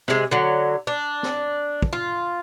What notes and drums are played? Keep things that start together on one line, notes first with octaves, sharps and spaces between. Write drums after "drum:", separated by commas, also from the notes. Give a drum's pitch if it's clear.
C3 G#3, drum: snare
D3 F#3
D4
drum: snare
drum: kick
F4